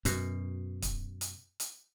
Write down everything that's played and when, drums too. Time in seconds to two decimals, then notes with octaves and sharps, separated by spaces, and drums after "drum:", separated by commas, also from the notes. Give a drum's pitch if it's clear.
0.05 F#2 B2, drum: hi-hat
0.82 drum: kick, hi-hat
1.21 drum: hi-hat
1.60 drum: hi-hat